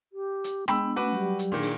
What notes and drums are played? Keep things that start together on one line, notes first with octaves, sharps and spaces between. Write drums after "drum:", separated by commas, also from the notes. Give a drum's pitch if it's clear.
G4
drum: hi-hat
G#3 B3 D4 G5 B5 E6, drum: rim click
A3 C#4 F#4 B4 D6
F#3 G3 G4
drum: hi-hat
A#2 D#3 D4 G#4
drum: open hi-hat